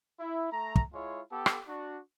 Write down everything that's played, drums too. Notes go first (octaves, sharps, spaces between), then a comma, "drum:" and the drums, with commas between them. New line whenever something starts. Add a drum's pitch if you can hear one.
E4
A3 A#5
drum: kick
G#3 E4 F4 C#5
B3 G4 A4
drum: rim click
D4 F#4